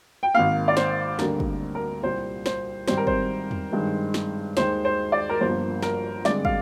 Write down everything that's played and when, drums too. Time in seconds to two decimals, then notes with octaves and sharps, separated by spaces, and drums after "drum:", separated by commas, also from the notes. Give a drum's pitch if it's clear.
0.23 G5
0.34 G#1 G#2 D#3 A#3 F5
0.68 D5
0.77 C5, drum: snare
1.19 D2 D3 G3 A#3 A#4, drum: snare
1.40 drum: kick
1.75 A#4
2.03 C2 A#2 G3 C5
2.46 C5, drum: snare
2.88 G#1 G#2 G3 C4 C5, drum: snare
2.97 A#4
3.07 C5, drum: kick
3.51 drum: tom E2
3.72 G2 D#3 G#3
4.14 drum: snare
4.57 D#2 D#3 G#3 C5, drum: snare
4.85 C5
5.12 D5
5.29 A#4
5.41 G1 G2 F3 A#3 C5
5.83 A#4, drum: snare
6.25 G2 D3 G#3 C4 D5, drum: snare
6.45 F5, drum: kick